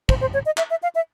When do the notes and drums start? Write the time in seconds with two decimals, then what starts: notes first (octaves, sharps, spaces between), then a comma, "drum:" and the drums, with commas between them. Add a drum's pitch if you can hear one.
0.09 C5, drum: kick
0.21 C5
0.34 C#5
0.46 D#5
0.58 E5, drum: clap
0.70 E5
0.83 F5
0.95 E5